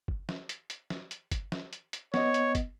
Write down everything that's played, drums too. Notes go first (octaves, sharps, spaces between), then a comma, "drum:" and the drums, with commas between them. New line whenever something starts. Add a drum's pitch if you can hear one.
drum: kick
drum: snare
drum: hi-hat
drum: hi-hat
drum: snare
drum: hi-hat
drum: kick, hi-hat
drum: snare
drum: hi-hat
drum: hi-hat
B3 C#5 D#5, drum: snare
drum: hi-hat
drum: kick, hi-hat